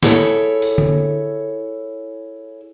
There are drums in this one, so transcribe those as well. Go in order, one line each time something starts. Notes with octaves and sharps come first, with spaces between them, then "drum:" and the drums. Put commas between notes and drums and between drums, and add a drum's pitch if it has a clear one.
E4 G#4 A4 C#5 E5, drum: snare
drum: tambourine
drum: tom D3